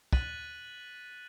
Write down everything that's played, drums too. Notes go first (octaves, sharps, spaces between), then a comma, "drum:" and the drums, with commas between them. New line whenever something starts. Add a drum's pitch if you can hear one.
F#6 A6 B6 D#7 F#7, drum: kick